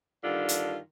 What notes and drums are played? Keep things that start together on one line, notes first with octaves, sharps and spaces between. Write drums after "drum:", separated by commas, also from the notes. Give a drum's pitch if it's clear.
G2 D3 D#3 F4
drum: hi-hat